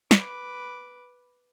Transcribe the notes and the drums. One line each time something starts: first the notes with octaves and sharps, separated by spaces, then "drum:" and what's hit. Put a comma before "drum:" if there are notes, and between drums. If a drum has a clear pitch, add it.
B4 D6, drum: snare